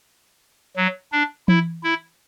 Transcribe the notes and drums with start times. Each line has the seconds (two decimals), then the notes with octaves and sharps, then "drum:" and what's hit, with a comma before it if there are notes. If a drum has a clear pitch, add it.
0.77 F#3
1.12 D4
1.48 E4, drum: tom E3
1.83 E4